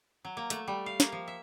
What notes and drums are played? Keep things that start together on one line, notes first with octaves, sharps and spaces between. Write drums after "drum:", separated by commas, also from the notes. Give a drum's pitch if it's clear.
F#3
A#3
A3, drum: hi-hat
G3
F5
A#3, drum: snare
F3
E5